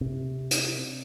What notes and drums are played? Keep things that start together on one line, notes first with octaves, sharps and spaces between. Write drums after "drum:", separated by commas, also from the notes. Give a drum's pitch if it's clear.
C3
drum: hi-hat